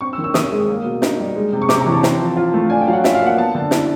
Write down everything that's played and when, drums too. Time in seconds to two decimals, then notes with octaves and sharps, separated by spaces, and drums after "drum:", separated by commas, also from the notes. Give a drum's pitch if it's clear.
0.01 C4 C#6
0.13 E6
0.18 D#3
0.24 E6
0.34 D#3 D#6, drum: snare
0.52 G#3
0.68 A#3
0.85 B2
1.02 D#4, drum: snare
1.19 G3
1.35 G#3
1.53 C3
1.62 C#6
1.69 C3 D6, drum: snare
1.80 A#5
1.86 E3
1.92 A5
2.03 C4, drum: snare
2.20 F3
2.36 F4
2.54 A3
2.70 D4 G#5
2.81 G5
2.87 F#3 F5
2.93 F#5
3.04 F4 E5, drum: snare
3.15 F5
3.20 A#3
3.26 F#5
3.37 B3 A5
3.55 D3
3.71 E4, drum: snare